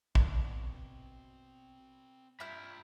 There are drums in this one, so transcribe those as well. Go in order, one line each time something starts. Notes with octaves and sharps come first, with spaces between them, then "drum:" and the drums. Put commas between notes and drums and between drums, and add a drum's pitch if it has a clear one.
B2 C4 D5 D6, drum: kick A#1
G2 F4 E5 B5 F6 G6